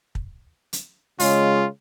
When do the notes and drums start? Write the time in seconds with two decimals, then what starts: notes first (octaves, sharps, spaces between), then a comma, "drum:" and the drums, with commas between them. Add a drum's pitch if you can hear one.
0.15 drum: kick
0.73 drum: hi-hat
1.20 C#3 G#3 F4 C#5, drum: open hi-hat